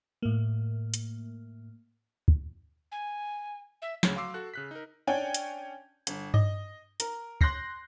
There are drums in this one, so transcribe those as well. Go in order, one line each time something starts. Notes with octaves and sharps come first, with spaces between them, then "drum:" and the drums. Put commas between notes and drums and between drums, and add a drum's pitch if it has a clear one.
A2 A#3
drum: hi-hat
drum: kick
G#5
E5
D2 C#3 A3 A4 C#5, drum: snare
F#3 F5 C6 D6 E6 C7
F#4 A4 F#6
C#3 F#6 B6
D#4 A#4
C#4 D4 G5 G#5 G#6
drum: hi-hat
G1, drum: hi-hat
D#5, drum: tom G2
A#4, drum: hi-hat
C6 F#6 G6 A#6 C7, drum: kick